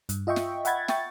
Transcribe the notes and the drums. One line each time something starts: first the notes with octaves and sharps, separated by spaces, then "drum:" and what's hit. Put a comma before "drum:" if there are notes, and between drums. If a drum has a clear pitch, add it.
G2, drum: hi-hat
F4 D#5 E5 G5 C#6
drum: snare
E5 F#5 G5 B5 G#6 A6, drum: hi-hat
E5 G5 C#6 A6, drum: snare